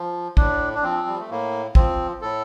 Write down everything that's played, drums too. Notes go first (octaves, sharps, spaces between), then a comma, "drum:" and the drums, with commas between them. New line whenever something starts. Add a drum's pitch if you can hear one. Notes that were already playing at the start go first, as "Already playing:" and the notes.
Already playing: F3
A2 D4, drum: kick
D4
F3 C4
G3
A3
A2 A#3
F3 C4, drum: kick
A2 A4